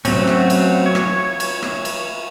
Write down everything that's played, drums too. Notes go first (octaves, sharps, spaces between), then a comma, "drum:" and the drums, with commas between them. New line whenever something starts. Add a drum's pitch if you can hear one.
F#3 A3 C4 C#4, drum: cymbal
drum: rim click
drum: cymbal
C#5
drum: rim click
drum: cymbal
drum: rim click
drum: cymbal